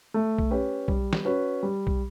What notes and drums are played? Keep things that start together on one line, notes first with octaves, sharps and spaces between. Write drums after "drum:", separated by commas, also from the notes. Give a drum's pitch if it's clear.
A3
drum: kick B1
C#4 G4 B4
G3, drum: kick B1
drum: snare
C#4 F#4 B4
G3
drum: kick B1